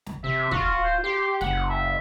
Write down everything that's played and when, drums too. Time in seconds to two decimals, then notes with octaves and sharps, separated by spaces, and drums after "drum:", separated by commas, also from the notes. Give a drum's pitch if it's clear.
0.06 drum: snare
0.24 C3 E5
0.51 F4 F#4, drum: kick
0.84 C5
1.04 G4 C6
1.41 F#1 F#5, drum: snare
1.70 E5